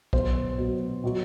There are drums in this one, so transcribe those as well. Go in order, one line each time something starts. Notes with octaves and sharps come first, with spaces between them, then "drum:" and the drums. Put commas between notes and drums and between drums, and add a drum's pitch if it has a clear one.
B2 F#3 C5, drum: kick B1
B2 F#3
B2 F#3